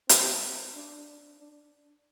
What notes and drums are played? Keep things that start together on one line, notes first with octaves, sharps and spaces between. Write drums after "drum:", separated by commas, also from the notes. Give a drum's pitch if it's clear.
C4, drum: hi-hat
D4
D4